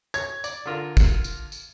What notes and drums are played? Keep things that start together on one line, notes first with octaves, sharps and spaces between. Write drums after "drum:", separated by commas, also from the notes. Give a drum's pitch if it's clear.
C#5 G#6, drum: tambourine
D5, drum: tambourine
D3 F4 A#4
drum: kick, tambourine
drum: tambourine
drum: tambourine